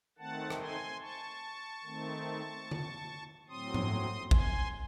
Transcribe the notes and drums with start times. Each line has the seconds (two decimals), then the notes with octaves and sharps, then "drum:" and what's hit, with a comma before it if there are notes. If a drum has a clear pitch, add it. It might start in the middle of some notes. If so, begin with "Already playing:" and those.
0.18 D#3 A3 C4 F#5 A5
0.50 drum: rim click
0.60 G#5 C6
1.01 A5 C#6
1.84 D#3 A3 C4
2.71 drum: tom D3
3.49 A2 F#3 C4 C6 D#6
3.74 drum: tom G#2
4.31 G#5 C6, drum: kick A1